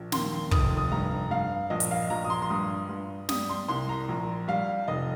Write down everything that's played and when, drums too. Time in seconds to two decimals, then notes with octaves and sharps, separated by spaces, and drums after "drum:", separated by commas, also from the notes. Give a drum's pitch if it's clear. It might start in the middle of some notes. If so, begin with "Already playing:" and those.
Already playing: A#1
0.12 D#2 C6, drum: snare
0.51 F1 D#6, drum: kick
0.77 D#6
0.92 G2 A#5
1.31 G2 F5
1.70 A#1 D#5
1.80 drum: hi-hat
1.91 F5
2.10 A#1 A#5
2.24 D#6
2.30 C6
2.42 C6
2.49 G2 D#6
2.89 G2
3.29 G3 D#6, drum: snare
3.50 C6
3.68 C2 C6
3.89 A#5
4.09 A#1
4.48 G3 F5
4.88 F1 D#5